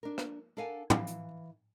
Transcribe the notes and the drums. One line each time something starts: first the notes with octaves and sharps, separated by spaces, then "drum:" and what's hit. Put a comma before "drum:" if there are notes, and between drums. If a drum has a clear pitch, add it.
D4 A#4
drum: rim click
D4 A4 A#4 F5 F#5 G#5
E3 F5, drum: tom
drum: hi-hat